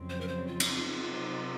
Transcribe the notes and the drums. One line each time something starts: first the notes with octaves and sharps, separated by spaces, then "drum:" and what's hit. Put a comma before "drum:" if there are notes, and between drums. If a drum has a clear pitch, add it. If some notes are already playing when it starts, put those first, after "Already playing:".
Already playing: F2 C#3 F#3 C4
C5
A#4
C5
F4
drum: cymbal
C3 F#3 C4 D#4